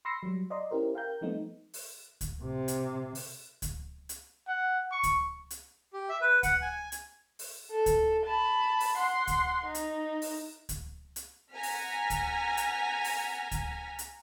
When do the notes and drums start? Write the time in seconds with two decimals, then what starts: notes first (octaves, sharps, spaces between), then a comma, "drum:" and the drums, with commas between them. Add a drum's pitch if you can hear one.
0.05 B5 C6 E6 A#6 C7 C#7
0.23 F#3 G3
0.50 D5 D#5 A#5 C6
0.71 C#4 E4 G4 A#4 C5
0.94 A#4 F5 G5 A#5 G6
1.21 F3 G3 A3 B3 C4 D#4
1.74 drum: open hi-hat
2.21 drum: kick C#2, hi-hat
2.43 C3
2.68 drum: hi-hat
3.15 drum: open hi-hat
3.62 drum: kick C#2, hi-hat
4.09 drum: hi-hat
4.47 F#5
4.92 C#6
5.03 drum: kick C#2, hi-hat
5.51 drum: hi-hat
5.93 G4
6.09 E5
6.21 B4
6.43 F#5, drum: kick C#2, hi-hat
6.62 G#5
6.92 drum: hi-hat
7.39 drum: open hi-hat
7.71 A4
7.86 drum: kick C#2, hi-hat
8.26 A5 B5
8.80 drum: open hi-hat
8.97 F#5 C6
9.27 drum: kick C#2, hi-hat
9.65 D#4
9.75 drum: hi-hat
10.22 drum: open hi-hat
10.69 drum: kick C#2, hi-hat
11.16 drum: hi-hat
11.52 F#5 G#5 A#5 F6 B6
11.63 drum: open hi-hat
12.10 drum: kick C#2, hi-hat
12.57 drum: hi-hat
13.04 drum: open hi-hat
13.51 drum: kick C#2, hi-hat
13.99 drum: hi-hat